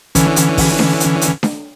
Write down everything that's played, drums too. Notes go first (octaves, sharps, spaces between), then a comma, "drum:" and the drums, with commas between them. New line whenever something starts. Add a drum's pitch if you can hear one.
D3 E3 C#4, drum: kick, hi-hat
drum: hi-hat
drum: kick, open hi-hat
drum: snare D4
drum: hi-hat
drum: hi-hat
drum: snare D4